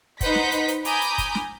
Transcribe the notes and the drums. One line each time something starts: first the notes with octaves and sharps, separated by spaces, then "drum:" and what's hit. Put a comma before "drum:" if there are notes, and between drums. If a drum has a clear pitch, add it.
D#4 B4 C5 F#5 G6 B6, drum: kick, hi-hat
drum: snare
drum: hi-hat
drum: hi-hat
G#5 A#5 B5 D6 D#6 G6, drum: hi-hat
drum: hi-hat
drum: kick, hi-hat
drum: snare